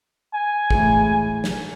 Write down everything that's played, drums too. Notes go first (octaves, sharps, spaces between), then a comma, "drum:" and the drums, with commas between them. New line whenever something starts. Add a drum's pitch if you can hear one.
G#5
A2 E3 G#3, drum: kick
drum: snare